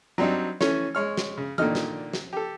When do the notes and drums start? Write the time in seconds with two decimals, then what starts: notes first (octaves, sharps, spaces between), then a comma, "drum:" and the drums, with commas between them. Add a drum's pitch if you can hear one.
0.18 F#3 G3 C4 D4 D#4
0.61 E3 A3 C#4 C#5, drum: snare
0.95 G#3 C#5 F6
1.17 drum: snare
1.38 C#3
1.58 A#2 D3 D#3 D#5 F6, drum: tom E3
1.75 drum: snare
2.13 drum: snare
2.33 G4 A4